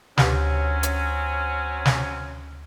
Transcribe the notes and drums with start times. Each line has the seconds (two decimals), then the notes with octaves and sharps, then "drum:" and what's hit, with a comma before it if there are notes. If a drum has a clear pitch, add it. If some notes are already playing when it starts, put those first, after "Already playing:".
0.18 D2 F#3 C4 C#4 G4 B4, drum: snare
0.83 drum: hi-hat
1.85 drum: snare